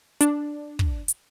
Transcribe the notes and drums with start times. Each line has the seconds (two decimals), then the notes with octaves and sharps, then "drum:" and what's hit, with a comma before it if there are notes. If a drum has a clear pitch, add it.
0.21 D4, drum: hi-hat
0.79 drum: kick
1.08 drum: hi-hat